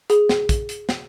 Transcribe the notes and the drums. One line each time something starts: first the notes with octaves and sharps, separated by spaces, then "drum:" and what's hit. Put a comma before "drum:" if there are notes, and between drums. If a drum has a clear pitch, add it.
G#4, drum: hi-hat
drum: snare
drum: kick, hi-hat
drum: hi-hat
drum: snare